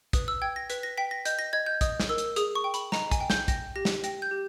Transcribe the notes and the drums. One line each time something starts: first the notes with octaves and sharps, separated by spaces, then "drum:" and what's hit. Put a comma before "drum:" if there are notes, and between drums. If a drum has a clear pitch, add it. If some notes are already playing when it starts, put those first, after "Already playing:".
B4 D#6, drum: kick, hi-hat
E6
G5 G#6
A#6
B4 B6, drum: hi-hat
A#6
G5 B6
A#6
D#5 G6, drum: hi-hat
A#6
D#5 G#6
G6
D#5 D#6, drum: kick, hi-hat
drum: snare
A#4 E6
drum: hi-hat
G#4 D#6, drum: hi-hat
C#6
G5
B5, drum: hi-hat
D#5 A#5, drum: snare
G#5, drum: kick, hi-hat
G5
G6, drum: snare
G5 A#6, drum: kick, hi-hat
G4 A#6
drum: snare
G5 A#6, drum: hi-hat
G6
G4